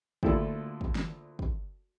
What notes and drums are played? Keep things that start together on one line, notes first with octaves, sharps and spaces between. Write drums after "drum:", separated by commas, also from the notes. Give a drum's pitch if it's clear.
D2 A#2 F3 E4 F4 A4, drum: kick
drum: kick
drum: snare
drum: kick